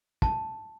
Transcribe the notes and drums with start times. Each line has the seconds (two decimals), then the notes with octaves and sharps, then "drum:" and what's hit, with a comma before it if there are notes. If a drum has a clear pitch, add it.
0.22 A5, drum: kick